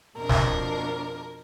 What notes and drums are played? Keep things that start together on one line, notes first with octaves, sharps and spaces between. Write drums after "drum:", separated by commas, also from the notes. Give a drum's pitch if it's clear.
F2 B2 D4 A#4
drum: snare